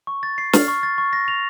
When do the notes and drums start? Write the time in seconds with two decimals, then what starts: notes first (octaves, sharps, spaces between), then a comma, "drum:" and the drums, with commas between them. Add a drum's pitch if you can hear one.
0.07 C#6
0.23 A6
0.38 C7
0.53 F6, drum: snare
0.68 C#6
0.83 A6
0.98 C#6
1.13 A#6
1.28 F7